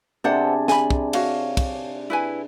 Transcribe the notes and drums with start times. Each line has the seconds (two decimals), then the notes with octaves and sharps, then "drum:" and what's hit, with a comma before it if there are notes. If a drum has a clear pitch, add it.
0.24 C3 D4 G#4 A4 C5 F#5
0.68 G#5 B5, drum: snare
0.90 drum: kick
1.13 F#4 C#5 F5, drum: cymbal
1.57 drum: kick, cymbal
2.10 E4 B4 G#5